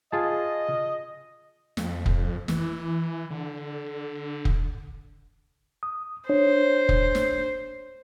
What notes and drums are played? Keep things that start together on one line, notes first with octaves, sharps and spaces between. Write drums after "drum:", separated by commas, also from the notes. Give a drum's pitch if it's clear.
F4 G#4 D#5 A5
F2, drum: snare
drum: kick
E3, drum: snare
D3
drum: kick
D#6
D4 C5 C#5
drum: kick
drum: snare